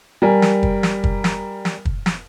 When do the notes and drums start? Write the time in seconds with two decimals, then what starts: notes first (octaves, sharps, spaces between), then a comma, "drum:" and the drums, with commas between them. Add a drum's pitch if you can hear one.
0.22 G3 A#4 G#5
0.42 drum: snare
0.63 drum: kick
0.83 drum: snare
1.04 drum: kick
1.24 drum: snare
1.65 drum: snare
1.85 drum: kick
2.06 drum: snare